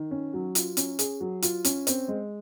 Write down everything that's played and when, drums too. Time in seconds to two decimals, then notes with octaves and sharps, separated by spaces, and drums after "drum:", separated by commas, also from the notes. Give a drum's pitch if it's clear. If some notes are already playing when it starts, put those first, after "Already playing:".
Already playing: D#3
0.11 C#4
0.34 F#3
0.55 F4, drum: hi-hat
0.77 C#4, drum: hi-hat
0.99 G#4, drum: hi-hat
1.21 F#3
1.42 F4, drum: hi-hat
1.65 C#4, drum: hi-hat
1.87 C4, drum: hi-hat
2.08 G#3